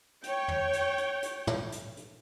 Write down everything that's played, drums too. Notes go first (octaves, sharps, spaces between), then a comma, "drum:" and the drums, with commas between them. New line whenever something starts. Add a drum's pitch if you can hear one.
C#5 G5, drum: hi-hat
drum: tom
drum: hi-hat
drum: hi-hat
drum: hi-hat
drum: tom
drum: hi-hat
drum: hi-hat